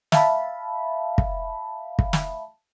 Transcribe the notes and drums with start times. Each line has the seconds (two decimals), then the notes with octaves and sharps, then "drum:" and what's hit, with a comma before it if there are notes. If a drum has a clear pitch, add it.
0.12 E5 F5 A5 B5, drum: snare
1.18 drum: kick
1.99 drum: kick
2.13 drum: snare